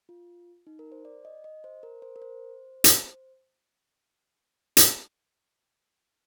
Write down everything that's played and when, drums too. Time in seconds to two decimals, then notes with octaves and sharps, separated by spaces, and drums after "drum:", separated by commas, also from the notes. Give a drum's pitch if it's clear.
0.09 F4
0.67 D#4
0.79 A#4
0.92 C5
1.05 D5
1.25 D#5
1.44 D#5
1.64 C5
1.83 A#4
2.02 C5
2.16 A#4
2.22 C5
2.84 drum: hi-hat
4.77 drum: hi-hat